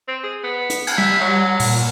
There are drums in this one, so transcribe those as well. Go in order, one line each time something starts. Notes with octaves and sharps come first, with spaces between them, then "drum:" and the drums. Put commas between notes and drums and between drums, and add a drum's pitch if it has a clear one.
C4
G#4
B3
drum: hi-hat
drum: cymbal
G3 E5
F#3
A#2, drum: open hi-hat